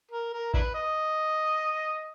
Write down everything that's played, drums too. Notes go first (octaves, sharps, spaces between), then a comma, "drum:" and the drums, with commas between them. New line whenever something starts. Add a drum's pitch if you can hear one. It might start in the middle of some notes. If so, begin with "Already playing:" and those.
A#4
A#4
D4 E4 B4, drum: kick A1
D#5